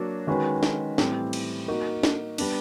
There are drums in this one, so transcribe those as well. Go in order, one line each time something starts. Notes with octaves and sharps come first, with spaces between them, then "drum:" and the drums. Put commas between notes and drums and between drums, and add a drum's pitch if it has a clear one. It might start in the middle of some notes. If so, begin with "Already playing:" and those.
Already playing: F#3 A#3 D4 F#4
D#3 G#3 C#4 F#4 B4
drum: snare
A2 E3 G3 C4, drum: snare
drum: cymbal
A#3 D#4 F#4 A#4
drum: snare
G3 B3 D4, drum: cymbal